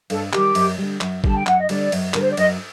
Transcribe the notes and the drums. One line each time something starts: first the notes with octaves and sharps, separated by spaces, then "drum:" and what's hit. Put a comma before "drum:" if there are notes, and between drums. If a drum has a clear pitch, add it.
G2 A4, drum: cymbal
D#3 G3 G4, drum: clap
F#2, drum: cymbal
D3 G3
F#2, drum: clap
D3 G3 A5, drum: kick G#1
G5
F#2 F#5, drum: clap
D#5
D3 G3 D5, drum: cymbal
F#2, drum: cymbal
D3 G3 A#4, drum: clap
C5
D5
F#2 D#5, drum: cymbal